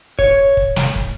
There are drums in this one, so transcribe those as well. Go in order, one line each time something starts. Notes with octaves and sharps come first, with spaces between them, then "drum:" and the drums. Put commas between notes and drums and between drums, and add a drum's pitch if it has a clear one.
C#5, drum: kick
drum: kick
drum: snare
drum: kick